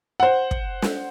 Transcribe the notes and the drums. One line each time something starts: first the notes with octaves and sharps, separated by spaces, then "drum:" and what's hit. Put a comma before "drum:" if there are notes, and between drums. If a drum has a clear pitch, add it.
C5 F#5
drum: kick
drum: snare